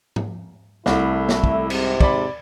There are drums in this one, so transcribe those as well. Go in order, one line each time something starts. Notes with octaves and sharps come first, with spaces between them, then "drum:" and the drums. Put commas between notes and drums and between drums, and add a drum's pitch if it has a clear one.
drum: tom G#2
C2 A3 E4, drum: snare
drum: snare
drum: kick
G#2 C3, drum: cymbal
D5 B5, drum: kick